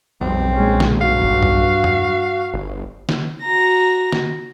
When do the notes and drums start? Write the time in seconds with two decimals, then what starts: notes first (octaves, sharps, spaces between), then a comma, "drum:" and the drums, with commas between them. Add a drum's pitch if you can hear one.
0.21 B1 F2 G3 C4
0.54 A#1 G#3 C#4
0.80 drum: snare
1.01 G2 F#4 F5
1.22 drum: kick F#1
1.43 drum: tom
1.84 drum: tom
2.54 G1
3.09 drum: snare
3.42 F#4 A#5 A#6
4.12 drum: snare